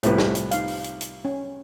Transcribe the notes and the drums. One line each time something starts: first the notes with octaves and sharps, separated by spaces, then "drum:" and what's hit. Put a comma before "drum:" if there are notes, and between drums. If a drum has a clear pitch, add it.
C2 A2 F4 B4, drum: hi-hat
drum: snare
drum: hi-hat
D#4 F5, drum: hi-hat
drum: open hi-hat
drum: hi-hat
drum: hi-hat
C#4